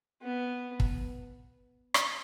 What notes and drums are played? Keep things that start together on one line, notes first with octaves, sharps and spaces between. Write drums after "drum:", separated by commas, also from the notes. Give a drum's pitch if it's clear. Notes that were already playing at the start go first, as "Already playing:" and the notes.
B3
drum: kick
drum: rim click